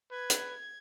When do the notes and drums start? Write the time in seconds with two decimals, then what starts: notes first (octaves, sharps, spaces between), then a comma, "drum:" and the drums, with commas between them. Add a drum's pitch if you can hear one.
0.11 B4 G#6
0.30 drum: hi-hat